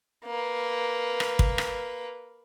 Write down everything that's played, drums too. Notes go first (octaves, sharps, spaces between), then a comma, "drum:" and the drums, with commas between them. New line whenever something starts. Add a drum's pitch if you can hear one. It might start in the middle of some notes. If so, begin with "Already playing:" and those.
A#3 B4
drum: rim click
drum: kick
drum: rim click